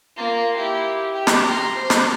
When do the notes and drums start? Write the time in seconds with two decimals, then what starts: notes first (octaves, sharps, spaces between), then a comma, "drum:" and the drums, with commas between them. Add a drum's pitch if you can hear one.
0.17 A#3 F4
0.56 E4 G4
1.13 G4
1.27 drum: snare
1.45 A#5 C6
1.75 C5
1.90 drum: snare